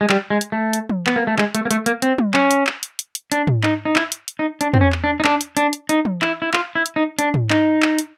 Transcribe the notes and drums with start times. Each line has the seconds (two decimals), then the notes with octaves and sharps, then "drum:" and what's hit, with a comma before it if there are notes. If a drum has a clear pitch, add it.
0.01 G#3
0.10 G3, drum: clap
0.30 G#3
0.41 drum: hi-hat
0.52 A3
0.73 drum: hi-hat
0.89 drum: tom
1.07 B3, drum: clap
1.16 A#3
1.27 A3
1.38 G#3, drum: clap
1.55 A3, drum: hi-hat
1.65 A#3
1.71 A3, drum: hi-hat
1.86 A#3, drum: hi-hat
2.02 C4, drum: hi-hat
2.18 drum: tom
2.34 C#4, drum: clap
2.51 drum: hi-hat
2.67 drum: clap
2.83 drum: hi-hat
2.99 drum: hi-hat
3.15 drum: hi-hat
3.32 D4, drum: hi-hat
3.47 drum: tom
3.63 D#4, drum: clap
3.85 D#4
3.96 E4, drum: clap
4.12 drum: hi-hat
4.28 drum: hi-hat
4.39 D#4
4.61 D4, drum: hi-hat
4.74 C4, drum: tom
4.81 C#4
4.92 drum: clap
5.04 D4
5.20 D#4
5.25 D4, drum: clap
5.41 drum: hi-hat
5.57 D4, drum: hi-hat
5.73 drum: hi-hat
5.89 D#4, drum: hi-hat
6.05 drum: tom
6.22 E4, drum: clap
6.42 E4
6.54 F4, drum: clap
6.75 E4
6.86 drum: hi-hat
6.96 D#4
7.19 D4, drum: hi-hat
7.34 drum: tom
7.50 D#4, drum: clap
7.82 drum: clap
7.99 drum: hi-hat